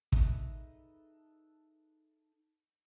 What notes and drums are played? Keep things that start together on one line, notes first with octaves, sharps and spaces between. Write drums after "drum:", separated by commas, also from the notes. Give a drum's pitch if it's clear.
D#4 G#4 A4 B4 D#5 E5, drum: kick